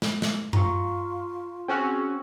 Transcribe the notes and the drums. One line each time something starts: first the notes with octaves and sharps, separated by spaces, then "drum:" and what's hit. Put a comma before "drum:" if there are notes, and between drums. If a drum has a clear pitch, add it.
drum: snare
drum: snare
F4 A#5 C#6, drum: tom F#2
C4 C#4 F#4 G#4 G5 G#5 E6